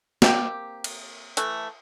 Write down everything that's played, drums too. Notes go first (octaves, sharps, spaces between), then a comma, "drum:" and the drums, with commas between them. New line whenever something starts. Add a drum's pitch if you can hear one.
A#3 C4 G4, drum: snare
drum: cymbal
E3 A3, drum: hi-hat